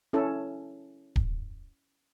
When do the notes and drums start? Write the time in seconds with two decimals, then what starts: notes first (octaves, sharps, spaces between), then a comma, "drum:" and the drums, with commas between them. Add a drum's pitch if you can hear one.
0.13 C#4 E4 A4
1.16 drum: kick D1